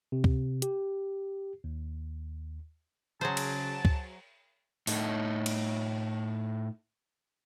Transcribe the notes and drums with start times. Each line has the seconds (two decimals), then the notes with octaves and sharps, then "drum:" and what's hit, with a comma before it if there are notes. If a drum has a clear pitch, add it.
0.12 C3
0.24 drum: kick C#2
0.62 G4, drum: hi-hat
1.64 D#2
3.21 C#3 F#3 G#4 C5 A5
3.37 drum: cymbal
3.85 drum: kick C#2
4.87 A2 D#4 A4, drum: open hi-hat
5.46 drum: cymbal